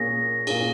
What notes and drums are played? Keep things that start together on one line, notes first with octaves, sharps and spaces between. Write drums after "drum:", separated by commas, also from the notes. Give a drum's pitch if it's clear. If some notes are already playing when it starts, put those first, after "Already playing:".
Already playing: A#2 A#3 C#4 G#4 A#6
A#2 A#3 C#4 G#4, drum: cymbal